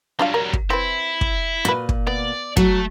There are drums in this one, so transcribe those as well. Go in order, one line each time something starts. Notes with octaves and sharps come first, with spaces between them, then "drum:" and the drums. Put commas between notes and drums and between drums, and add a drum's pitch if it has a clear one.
F#3 G3 D4 F4 F5
A#4
drum: kick
C4 E4 B4
drum: kick
A#2 F#4 B4
drum: kick
B3 D5
F#3 A3, drum: kick